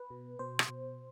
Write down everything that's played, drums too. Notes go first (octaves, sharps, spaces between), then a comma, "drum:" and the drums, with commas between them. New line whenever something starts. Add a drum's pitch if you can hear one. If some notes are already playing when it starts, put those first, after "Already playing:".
Already playing: B4
B2
B2 C5
drum: rim click
B2